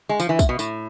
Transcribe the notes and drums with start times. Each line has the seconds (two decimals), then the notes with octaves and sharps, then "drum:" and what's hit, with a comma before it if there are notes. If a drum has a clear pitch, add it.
0.09 G#3
0.20 F3, drum: tambourine
0.29 E3
0.39 drum: kick, tambourine
0.49 B2
0.59 A2, drum: tambourine